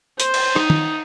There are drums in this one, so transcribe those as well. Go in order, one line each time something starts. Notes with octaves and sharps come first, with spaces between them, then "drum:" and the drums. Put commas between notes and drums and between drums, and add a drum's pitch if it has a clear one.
C5, drum: hi-hat
drum: cymbal
D#4, drum: rim click
drum: tom